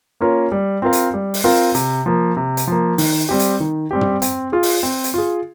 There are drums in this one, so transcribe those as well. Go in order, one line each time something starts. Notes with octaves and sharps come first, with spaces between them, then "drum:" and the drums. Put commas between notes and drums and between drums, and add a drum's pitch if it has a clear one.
A#3 C#4 F4 A#4
G3
C4 F4 A#4 F5
drum: hi-hat
G3
drum: open hi-hat
C4 F4 A#4 F5
C3, drum: hi-hat
F3 A#3
C3
drum: hi-hat
F3 A#3
D#3, drum: open hi-hat
G3 C4 G4
drum: hi-hat
D#3
G3 C4 G4
drum: tom
C4, drum: hi-hat
F4 G#4
drum: open hi-hat
C4
drum: hi-hat
F4 G#4